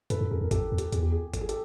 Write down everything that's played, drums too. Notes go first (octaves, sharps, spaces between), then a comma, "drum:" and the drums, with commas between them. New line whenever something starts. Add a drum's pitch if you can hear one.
F#2 A4 B4, drum: hi-hat
F#2
F2 G#4 A#4
E2
A#4
F2 G4 A4, drum: kick, hi-hat
E2
G4, drum: hi-hat
E2 G#4, drum: hi-hat
G4
G#4
A4, drum: kick, hi-hat
G#4
G4 A4, drum: hi-hat